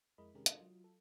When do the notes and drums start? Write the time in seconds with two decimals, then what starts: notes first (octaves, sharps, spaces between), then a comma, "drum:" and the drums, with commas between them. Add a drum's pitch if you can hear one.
0.18 F2 G#3 E4 A#4 D#5 B5
0.35 C3 D#3 G#3 C#4 G4 A#4
0.46 D4 F4 F#4 A4 A#4 D#5, drum: hi-hat
0.59 F#3 F4
0.84 A4